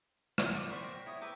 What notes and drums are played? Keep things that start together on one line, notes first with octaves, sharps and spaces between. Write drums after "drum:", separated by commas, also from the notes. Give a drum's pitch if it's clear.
drum: rim click
D5 C#6 D6
B3 C5 B5 C#6 B6
G5 A#6
E4 C#5 D#6
B4 G5 A#5 C#6 D6 E6